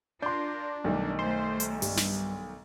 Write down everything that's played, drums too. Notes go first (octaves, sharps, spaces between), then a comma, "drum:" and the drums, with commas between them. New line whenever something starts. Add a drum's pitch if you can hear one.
D4 F4 A#4 C6 G6
B1 D#3 G3 A3 D#4
G3 A3 C5
drum: hi-hat
G2, drum: open hi-hat
drum: snare